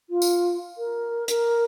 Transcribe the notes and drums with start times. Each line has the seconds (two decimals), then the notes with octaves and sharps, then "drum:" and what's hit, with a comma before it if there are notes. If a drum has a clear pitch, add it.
0.10 F4
0.22 drum: tambourine
0.77 A#4
1.28 A#4, drum: hi-hat